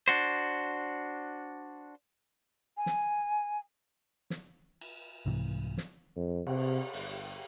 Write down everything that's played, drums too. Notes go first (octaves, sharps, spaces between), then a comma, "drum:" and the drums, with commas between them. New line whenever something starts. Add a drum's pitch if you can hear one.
D4 F#4 C5
G#5
drum: snare
drum: snare
drum: cymbal
C2 G#2 C3 E3
drum: snare
F2
C3, drum: cymbal
G1, drum: open hi-hat